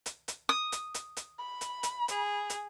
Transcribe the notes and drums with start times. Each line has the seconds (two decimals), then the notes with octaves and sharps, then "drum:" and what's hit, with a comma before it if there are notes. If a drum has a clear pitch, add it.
0.06 drum: hi-hat
0.28 drum: hi-hat
0.49 D#6
0.72 drum: hi-hat
0.94 drum: hi-hat
1.17 drum: hi-hat
1.39 B5
1.61 drum: hi-hat
1.83 drum: hi-hat
2.08 G#4, drum: hi-hat
2.50 drum: hi-hat